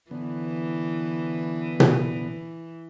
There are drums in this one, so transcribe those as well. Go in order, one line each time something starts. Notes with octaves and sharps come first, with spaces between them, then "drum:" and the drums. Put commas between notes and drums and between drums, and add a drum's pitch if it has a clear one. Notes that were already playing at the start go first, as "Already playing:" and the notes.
D3 E3 B3
drum: tom B2